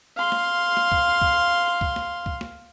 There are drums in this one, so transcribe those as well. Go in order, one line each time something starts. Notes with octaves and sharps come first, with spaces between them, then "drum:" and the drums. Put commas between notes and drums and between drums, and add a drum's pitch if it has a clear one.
F5 C6
drum: snare
drum: snare
drum: kick C2
drum: kick C2
drum: kick C2
drum: snare
drum: kick C2
drum: snare